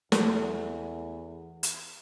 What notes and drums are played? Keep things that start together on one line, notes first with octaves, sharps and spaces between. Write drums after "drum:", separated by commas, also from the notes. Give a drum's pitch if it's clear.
E2 A4, drum: snare
drum: hi-hat